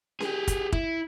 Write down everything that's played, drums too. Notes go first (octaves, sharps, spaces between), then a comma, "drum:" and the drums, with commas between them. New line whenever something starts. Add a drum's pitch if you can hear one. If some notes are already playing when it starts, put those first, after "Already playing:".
G4 G#4, drum: snare C#4
drum: kick, hi-hat
E4, drum: kick